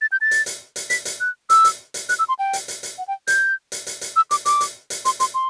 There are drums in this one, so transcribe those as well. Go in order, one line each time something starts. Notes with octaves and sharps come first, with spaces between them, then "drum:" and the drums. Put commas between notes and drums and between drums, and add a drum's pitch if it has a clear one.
A6
G6
A6
drum: hi-hat
drum: hi-hat
drum: hi-hat
B6, drum: hi-hat
drum: hi-hat
F#6
E6, drum: hi-hat
drum: hi-hat
drum: hi-hat
F#6, drum: hi-hat
E6
C6
G5
drum: hi-hat
drum: hi-hat
drum: hi-hat
F#5
G5
G6, drum: hi-hat
drum: hi-hat
drum: hi-hat
drum: hi-hat
E6
D6, drum: hi-hat
D6, drum: hi-hat
drum: hi-hat
drum: hi-hat
C6, drum: hi-hat
C6, drum: hi-hat
C6